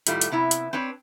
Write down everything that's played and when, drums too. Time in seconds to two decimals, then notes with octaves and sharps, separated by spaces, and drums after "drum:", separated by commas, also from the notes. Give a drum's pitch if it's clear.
0.07 A2 D#3 G3 A3 F4, drum: hi-hat
0.21 drum: hi-hat
0.32 C3 B3 E4
0.51 drum: hi-hat
0.73 C4 D4 B4 C#5